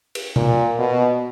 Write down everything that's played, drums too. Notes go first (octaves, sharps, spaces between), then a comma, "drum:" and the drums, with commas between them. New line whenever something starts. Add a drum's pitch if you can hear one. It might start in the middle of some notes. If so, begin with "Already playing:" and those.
drum: cymbal
A#2, drum: tom B2
B2